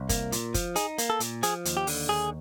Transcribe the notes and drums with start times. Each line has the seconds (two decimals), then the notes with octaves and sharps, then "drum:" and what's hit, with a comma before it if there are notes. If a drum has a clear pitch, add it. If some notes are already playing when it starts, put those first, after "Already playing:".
Already playing: C2
0.09 A#3, drum: kick, hi-hat
0.32 A#2, drum: hi-hat
0.54 F3, drum: kick, hi-hat
0.76 D#4 G#4, drum: hi-hat
0.98 A#3, drum: hi-hat
1.10 A4
1.20 A#2, drum: hi-hat
1.43 F3 G#4, drum: hi-hat
1.65 D#2, drum: hi-hat
1.77 G4
1.87 D3, drum: open hi-hat
2.09 D#2 G#4